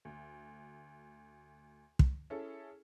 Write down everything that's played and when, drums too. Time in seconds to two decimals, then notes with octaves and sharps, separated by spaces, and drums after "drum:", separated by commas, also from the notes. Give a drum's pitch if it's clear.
0.05 D2
1.99 drum: kick
2.30 C#4 E4 G#4 A4